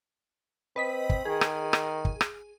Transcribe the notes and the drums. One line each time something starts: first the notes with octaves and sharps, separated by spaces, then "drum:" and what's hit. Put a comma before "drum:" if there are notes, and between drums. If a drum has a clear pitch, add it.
C4 B4 D#5 B6
drum: kick
D#3 G#4
drum: rim click
drum: rim click
drum: kick
drum: rim click